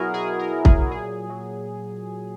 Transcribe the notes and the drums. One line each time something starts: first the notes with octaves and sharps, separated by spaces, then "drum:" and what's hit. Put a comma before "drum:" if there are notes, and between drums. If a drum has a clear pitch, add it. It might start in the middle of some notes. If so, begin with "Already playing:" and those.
Already playing: B2 F#3 E4 F#4 G#4 A#4
B2 G#4
A#4
F#3
G#4, drum: kick
A#2 G#4
F#3